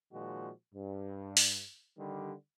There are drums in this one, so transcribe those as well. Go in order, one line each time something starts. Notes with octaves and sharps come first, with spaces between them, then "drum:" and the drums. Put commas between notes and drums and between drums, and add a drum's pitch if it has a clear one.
A#2 D#3 F3 G#3 F#4
G2
drum: open hi-hat
D3 D#3 G3